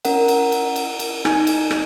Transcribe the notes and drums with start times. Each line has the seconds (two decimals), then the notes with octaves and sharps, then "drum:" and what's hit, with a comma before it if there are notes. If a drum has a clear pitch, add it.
0.05 C#4 A#4 F#5, drum: cymbal
0.28 drum: cymbal
0.52 drum: cymbal
0.76 drum: cymbal
0.99 drum: cymbal
1.25 D#4 G#5, drum: rim click
1.47 drum: cymbal
1.71 drum: rim click